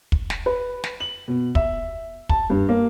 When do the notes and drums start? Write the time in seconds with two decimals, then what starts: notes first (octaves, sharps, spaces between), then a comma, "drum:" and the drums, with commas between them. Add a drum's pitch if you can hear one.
0.12 drum: kick
0.30 drum: snare
0.46 B4
0.84 drum: snare
1.00 F#7
1.28 B2
1.55 E5, drum: kick
2.29 A5, drum: kick
2.50 G2
2.69 A#3